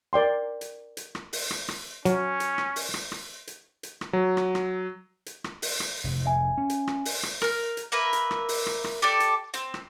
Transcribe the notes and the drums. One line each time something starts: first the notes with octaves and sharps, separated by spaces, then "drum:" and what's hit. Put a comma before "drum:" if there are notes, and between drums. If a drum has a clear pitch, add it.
A#4 D5 G5 C6
drum: hi-hat
drum: hi-hat
drum: rim click
drum: open hi-hat
drum: rim click
drum: rim click
F#3 C#4, drum: hi-hat
drum: hi-hat
drum: rim click
drum: open hi-hat
drum: rim click
drum: rim click
drum: hi-hat
drum: hi-hat
drum: rim click
F#3
drum: rim click
drum: rim click
drum: hi-hat
drum: rim click
drum: open hi-hat
drum: rim click
F1 G#2 C3
E5 G#5
C#4
drum: hi-hat
drum: rim click
drum: open hi-hat
drum: rim click
A#4 F6, drum: rim click
drum: hi-hat
A#3 A#4 B4 E5
drum: hi-hat
drum: rim click
drum: open hi-hat
drum: rim click
drum: rim click
G4 A4 D5
drum: hi-hat
C4, drum: hi-hat
drum: rim click